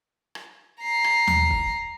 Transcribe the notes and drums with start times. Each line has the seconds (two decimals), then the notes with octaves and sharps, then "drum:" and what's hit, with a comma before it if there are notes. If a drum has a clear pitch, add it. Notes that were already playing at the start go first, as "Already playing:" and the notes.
0.35 drum: rim click
0.81 A#5 C7
1.04 drum: rim click
1.27 drum: tom D#2
1.51 drum: kick